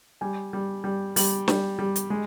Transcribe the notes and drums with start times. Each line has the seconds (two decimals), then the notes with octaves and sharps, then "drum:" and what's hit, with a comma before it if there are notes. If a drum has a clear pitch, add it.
0.21 G3 G#5
0.53 G3
0.84 G3
1.16 G3, drum: open hi-hat
1.48 G3, drum: snare
1.79 G3
1.96 drum: hi-hat
2.10 G#3